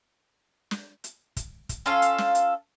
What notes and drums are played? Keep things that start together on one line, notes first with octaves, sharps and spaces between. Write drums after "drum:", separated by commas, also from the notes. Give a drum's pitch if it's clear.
drum: snare
drum: hi-hat
drum: kick, hi-hat
drum: kick, hi-hat
C#4 F4 A4 F5
drum: hi-hat
drum: snare
drum: hi-hat